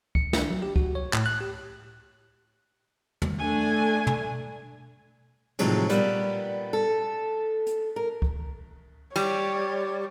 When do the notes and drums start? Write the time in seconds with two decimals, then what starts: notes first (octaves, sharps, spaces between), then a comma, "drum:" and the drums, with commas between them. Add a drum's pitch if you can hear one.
0.15 C#7, drum: kick C#2
0.33 D4, drum: snare
0.51 F#3
0.62 G4
0.76 F#4, drum: kick C#2
0.95 C#5
1.13 A2, drum: clap
1.26 F#6
1.41 G4
3.22 drum: tom
3.39 A3 D4 G#5
4.07 drum: tom
5.59 A2 C3 D#3 F3 F#3 G#3, drum: cymbal
5.89 A#2 G3 B3 B4, drum: hi-hat
6.73 A4
7.66 drum: hi-hat
7.96 A#4
8.22 drum: kick C#2
9.16 G3 C#5, drum: cymbal